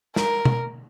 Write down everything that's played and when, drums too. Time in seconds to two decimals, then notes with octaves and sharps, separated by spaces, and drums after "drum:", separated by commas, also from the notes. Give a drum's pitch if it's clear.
0.16 A#4, drum: snare
0.45 drum: tom B2